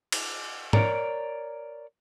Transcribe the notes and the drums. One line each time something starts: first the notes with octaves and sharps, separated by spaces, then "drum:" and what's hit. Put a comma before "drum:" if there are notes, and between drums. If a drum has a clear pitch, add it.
drum: cymbal
A#4 C#5 D5 A#5, drum: tom